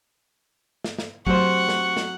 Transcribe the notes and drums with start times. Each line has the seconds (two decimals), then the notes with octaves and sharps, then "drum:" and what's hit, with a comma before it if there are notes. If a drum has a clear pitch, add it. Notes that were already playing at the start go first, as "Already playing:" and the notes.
0.84 drum: snare
0.98 drum: snare
1.27 F#3 A3 C4 G4 C5 F#5 C#6, drum: kick
1.69 drum: snare
1.97 drum: snare